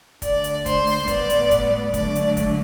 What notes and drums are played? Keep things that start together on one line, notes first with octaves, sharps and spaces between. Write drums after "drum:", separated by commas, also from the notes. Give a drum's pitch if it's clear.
D3 A3 D5, drum: kick, hi-hat
drum: hi-hat
C5, drum: kick, hi-hat
drum: open hi-hat
A2 G3 B3 D5, drum: kick, hi-hat
drum: hi-hat
drum: kick, hi-hat
D3 F#3 A3 D5, drum: kick, hi-hat
drum: hi-hat
drum: kick, hi-hat